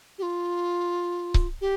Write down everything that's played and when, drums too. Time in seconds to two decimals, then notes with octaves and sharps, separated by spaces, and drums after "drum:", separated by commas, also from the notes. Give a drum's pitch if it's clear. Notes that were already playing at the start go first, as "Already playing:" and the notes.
0.18 G4
0.22 F4
1.34 drum: kick C#1
1.61 G4